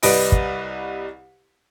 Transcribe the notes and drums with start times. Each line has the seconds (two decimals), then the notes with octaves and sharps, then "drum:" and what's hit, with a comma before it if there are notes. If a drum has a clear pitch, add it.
0.03 C2 G3 B4 D#5 D7, drum: open hi-hat
0.32 drum: kick